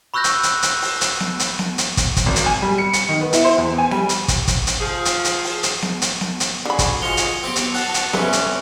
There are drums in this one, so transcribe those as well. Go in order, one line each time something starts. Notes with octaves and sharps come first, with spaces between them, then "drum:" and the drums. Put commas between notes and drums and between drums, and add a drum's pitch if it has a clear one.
B5 C#6 E6 F#6 G6 A#6
drum: hi-hat
drum: hi-hat
drum: hi-hat
drum: open hi-hat
drum: hi-hat
drum: snare B3
drum: hi-hat
drum: snare B3
drum: hi-hat
drum: kick, hi-hat
drum: kick, hi-hat
G#1
drum: hi-hat
G#5
G3
C#7
C#7, drum: hi-hat
D#3
B3
E4, drum: hi-hat
C5
E2
G#5
G3, drum: snare B3
drum: hi-hat
drum: kick, hi-hat
drum: kick, hi-hat
drum: hi-hat
F3 G#4
drum: hi-hat
drum: hi-hat
drum: open hi-hat
drum: hi-hat
drum: snare B3
drum: hi-hat
drum: snare B3
drum: hi-hat
D3 F#4 G#4 B5
drum: kick, hi-hat
F3 G#3 C#7 F7 G7
drum: hi-hat
F#3 B3 C4 G4 C6
drum: hi-hat
F#4 A5 F#6, drum: open hi-hat
drum: hi-hat
G2 C3 G3 C#4 A4 B4, drum: snare B3
drum: hi-hat